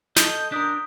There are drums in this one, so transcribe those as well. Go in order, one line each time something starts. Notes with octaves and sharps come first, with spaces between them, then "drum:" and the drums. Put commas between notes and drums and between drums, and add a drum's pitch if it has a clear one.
A4 D#5 G6, drum: snare
D4 A#4 D#6 B6